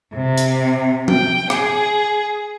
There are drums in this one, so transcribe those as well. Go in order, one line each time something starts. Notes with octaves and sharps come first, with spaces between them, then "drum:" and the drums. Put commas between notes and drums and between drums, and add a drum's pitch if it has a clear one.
C3
drum: hi-hat
G5, drum: tom F3
G#4, drum: rim click